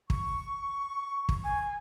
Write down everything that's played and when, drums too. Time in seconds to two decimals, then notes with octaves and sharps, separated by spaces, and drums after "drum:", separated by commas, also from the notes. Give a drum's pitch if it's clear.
0.10 C#6, drum: kick
1.29 drum: kick
1.43 G#5